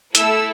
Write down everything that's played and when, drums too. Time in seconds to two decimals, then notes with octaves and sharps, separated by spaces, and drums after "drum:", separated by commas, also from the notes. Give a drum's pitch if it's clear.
0.15 A3 E4 A4 E6, drum: hi-hat